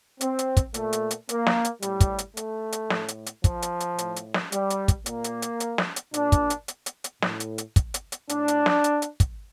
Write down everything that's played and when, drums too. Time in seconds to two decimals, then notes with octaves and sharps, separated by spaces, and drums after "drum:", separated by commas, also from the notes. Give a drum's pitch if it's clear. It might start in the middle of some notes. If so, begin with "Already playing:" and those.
0.21 C4, drum: hi-hat
0.39 drum: hi-hat
0.57 drum: kick, hi-hat
0.74 A#2 A3, drum: hi-hat
0.93 drum: hi-hat
1.11 drum: hi-hat
1.29 A#3, drum: hi-hat
1.47 drum: snare
1.65 drum: hi-hat
1.82 A2 G3, drum: hi-hat
2.00 drum: kick, hi-hat
2.18 drum: hi-hat
2.37 A3, drum: hi-hat
2.72 drum: hi-hat
2.90 A2, drum: snare
3.08 drum: hi-hat
3.26 drum: hi-hat
3.44 F3, drum: kick, hi-hat
3.62 drum: hi-hat
3.80 drum: hi-hat
3.98 A2, drum: hi-hat
4.16 drum: hi-hat
4.34 drum: snare
4.52 G3, drum: hi-hat
4.70 drum: hi-hat
4.88 drum: kick, hi-hat
5.06 A#2 A#3, drum: hi-hat
5.24 drum: hi-hat
5.42 drum: hi-hat
5.60 drum: hi-hat
5.78 drum: snare
5.96 drum: hi-hat
6.14 A#2 D4, drum: hi-hat
6.32 drum: kick, hi-hat
6.50 drum: hi-hat
6.68 drum: hi-hat
6.86 drum: hi-hat
7.04 drum: hi-hat
7.22 A2, drum: snare
7.40 drum: hi-hat
7.58 drum: hi-hat
7.76 drum: kick, hi-hat
7.94 drum: hi-hat
8.12 drum: hi-hat
8.29 A2 D4, drum: hi-hat
8.48 drum: hi-hat
8.66 drum: snare
8.84 drum: hi-hat
9.02 drum: hi-hat
9.20 drum: kick, hi-hat